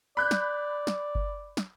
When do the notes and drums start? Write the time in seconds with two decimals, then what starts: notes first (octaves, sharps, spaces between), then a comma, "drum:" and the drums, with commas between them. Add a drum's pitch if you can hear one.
0.17 D5 B5 F#6 G6
0.31 drum: snare
0.87 drum: snare
1.15 drum: kick G1
1.57 drum: snare